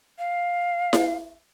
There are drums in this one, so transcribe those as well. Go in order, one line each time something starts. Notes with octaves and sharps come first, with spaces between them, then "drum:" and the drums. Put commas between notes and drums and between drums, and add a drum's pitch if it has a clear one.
F5
drum: snare E4